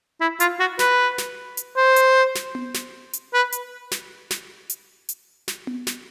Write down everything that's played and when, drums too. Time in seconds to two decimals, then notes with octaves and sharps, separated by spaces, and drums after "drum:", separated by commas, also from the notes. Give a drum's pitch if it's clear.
0.20 E4
0.40 F4, drum: hi-hat
0.59 F#4
0.79 B4, drum: snare
1.18 drum: snare
1.57 drum: hi-hat
1.77 C5
1.96 drum: hi-hat
2.35 drum: snare
2.55 drum: tom B3
2.74 drum: snare
3.13 drum: hi-hat
3.33 B4
3.52 drum: hi-hat
3.91 drum: snare
4.31 drum: snare
4.70 drum: hi-hat
5.09 drum: hi-hat
5.48 drum: snare
5.67 drum: tom B3
5.87 drum: snare